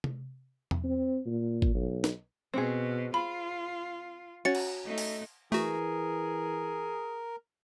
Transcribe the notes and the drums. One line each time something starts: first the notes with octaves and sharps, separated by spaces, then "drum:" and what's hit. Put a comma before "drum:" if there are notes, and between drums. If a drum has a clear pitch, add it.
drum: tom C3
drum: tom E2
C4
A#2
drum: kick G#1
B1
drum: snare
B2 C4 G#4
F4 B5
C#4 F#4 A6 C#7
drum: cymbal
A3 D#4
drum: open hi-hat
E3 A3 F#4 G#4 A#4